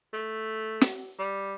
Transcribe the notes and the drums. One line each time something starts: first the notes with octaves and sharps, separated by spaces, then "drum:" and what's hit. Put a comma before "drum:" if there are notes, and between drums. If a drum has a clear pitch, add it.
A3
drum: snare
G3